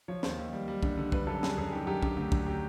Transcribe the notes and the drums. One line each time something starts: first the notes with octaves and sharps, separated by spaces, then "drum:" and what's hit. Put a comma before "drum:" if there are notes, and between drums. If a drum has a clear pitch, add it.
F3 C#5
D#2 C5, drum: snare
D#2
G3
G3
D3, drum: kick
D3
G3 B4, drum: kick
F#2 A4
G3 G#4, drum: snare
F#2 G#4
D#3 G4
F#2 G4
D3 G4, drum: kick
D2
D3, drum: kick
F#3 G4